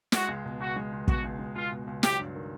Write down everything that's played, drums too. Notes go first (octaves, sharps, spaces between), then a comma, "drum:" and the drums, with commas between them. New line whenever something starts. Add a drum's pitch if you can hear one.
G#3 F#4, drum: snare
C#2
B2
C#2 F#4
G#3
C#2
B2 F#4, drum: kick
C#2
G#3
C#2 F4
B2
C#2
F#3 G4, drum: snare
G2
D#3